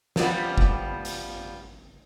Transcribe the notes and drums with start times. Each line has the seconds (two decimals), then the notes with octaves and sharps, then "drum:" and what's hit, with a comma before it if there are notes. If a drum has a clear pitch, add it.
0.16 F3 G3 B3, drum: snare
0.58 drum: kick
1.05 drum: hi-hat